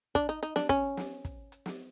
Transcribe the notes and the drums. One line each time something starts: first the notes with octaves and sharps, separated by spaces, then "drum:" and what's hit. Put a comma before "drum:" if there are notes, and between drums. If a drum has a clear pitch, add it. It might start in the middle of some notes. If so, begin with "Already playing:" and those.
D4, drum: kick, hi-hat
D#4
D#4, drum: hi-hat
D4, drum: snare
C#4, drum: kick, hi-hat
drum: snare
drum: kick, hi-hat
drum: hi-hat
drum: snare